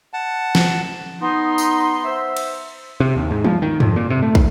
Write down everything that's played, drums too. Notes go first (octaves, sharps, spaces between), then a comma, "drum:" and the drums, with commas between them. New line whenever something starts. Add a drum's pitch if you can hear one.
F#5 A5
drum: snare
B3 D#4 C6
drum: tambourine
C5 E5
drum: cymbal
C3
D#2
G#2
F3, drum: tom F#3
D#3
F2, drum: tom G2
A#2
C3
A3
D#2, drum: kick